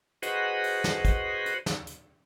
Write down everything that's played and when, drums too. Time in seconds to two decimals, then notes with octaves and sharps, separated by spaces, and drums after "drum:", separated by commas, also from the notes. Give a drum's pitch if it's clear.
0.22 F#4 G#4 B4 C5 D#5 F#5, drum: hi-hat
0.64 drum: open hi-hat
0.84 drum: snare
1.05 drum: kick, hi-hat
1.46 drum: hi-hat
1.66 drum: snare
1.87 drum: hi-hat